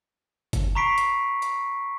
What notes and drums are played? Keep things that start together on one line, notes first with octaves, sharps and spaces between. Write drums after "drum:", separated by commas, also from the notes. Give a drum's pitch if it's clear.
drum: kick F#1, hi-hat
A#5 B5 C#6 B6 C7 D7
drum: hi-hat
drum: hi-hat